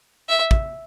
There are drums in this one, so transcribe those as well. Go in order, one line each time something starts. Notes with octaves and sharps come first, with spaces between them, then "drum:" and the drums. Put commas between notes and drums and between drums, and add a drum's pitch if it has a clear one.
E5
drum: kick